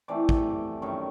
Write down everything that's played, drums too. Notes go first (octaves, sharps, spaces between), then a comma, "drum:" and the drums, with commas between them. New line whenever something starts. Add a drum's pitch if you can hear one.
C3 E3 A3 D5
drum: kick
F#2 D#3 G3 C#5